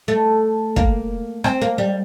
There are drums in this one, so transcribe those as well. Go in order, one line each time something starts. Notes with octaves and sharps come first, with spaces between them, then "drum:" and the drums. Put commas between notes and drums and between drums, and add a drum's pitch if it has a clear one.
A3
A#3, drum: kick
C4, drum: rim click
A#3
G3